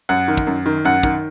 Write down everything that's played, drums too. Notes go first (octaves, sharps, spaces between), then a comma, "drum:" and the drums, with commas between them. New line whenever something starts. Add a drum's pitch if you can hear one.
F#2 F#5
D#3
drum: kick
F#2
D#3
F#2 F#5
D#3, drum: kick